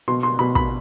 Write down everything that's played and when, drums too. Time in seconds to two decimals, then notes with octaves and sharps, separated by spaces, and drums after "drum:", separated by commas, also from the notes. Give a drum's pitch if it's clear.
0.08 B2 C6
0.23 C6
0.39 B2 B5
0.55 B5, drum: kick